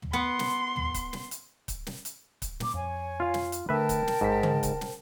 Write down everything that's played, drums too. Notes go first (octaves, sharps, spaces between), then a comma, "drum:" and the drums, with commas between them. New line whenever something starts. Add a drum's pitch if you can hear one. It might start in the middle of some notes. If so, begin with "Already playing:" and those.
drum: tom
B3 C6
drum: snare
drum: tom
drum: kick C#1, hi-hat
drum: snare
drum: hi-hat
drum: kick C#1, hi-hat
drum: snare
drum: hi-hat
drum: kick C#1, hi-hat
A#2 D6, drum: snare
F2 C#5 G#5
F4 F5
drum: snare
drum: hi-hat
D3 A3 A#4 B4 E5 G5 A5
drum: kick C#1, hi-hat
drum: snare
A1 G#2 B6
C5, drum: tom C#3
drum: kick C#1, hi-hat
drum: snare